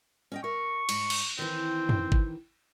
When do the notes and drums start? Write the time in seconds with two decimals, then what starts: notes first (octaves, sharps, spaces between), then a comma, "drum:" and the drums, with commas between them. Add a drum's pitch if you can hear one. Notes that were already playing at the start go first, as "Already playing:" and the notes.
0.32 C#4 D#5 G5
0.44 A#4 E5 C#6
0.89 G#2, drum: cymbal
1.10 drum: cymbal
1.39 D#3 E3 C4
1.89 drum: tom
2.12 drum: kick G#1